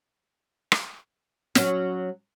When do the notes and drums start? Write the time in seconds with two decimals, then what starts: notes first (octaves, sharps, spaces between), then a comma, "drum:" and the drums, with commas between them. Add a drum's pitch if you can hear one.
0.72 drum: rim click
1.55 F#3 C#4, drum: snare